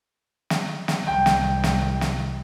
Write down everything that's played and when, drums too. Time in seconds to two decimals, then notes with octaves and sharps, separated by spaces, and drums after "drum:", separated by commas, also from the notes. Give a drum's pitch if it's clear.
0.50 drum: snare
0.88 drum: snare
1.07 C2 G5
1.26 drum: snare
1.64 drum: snare
2.01 drum: snare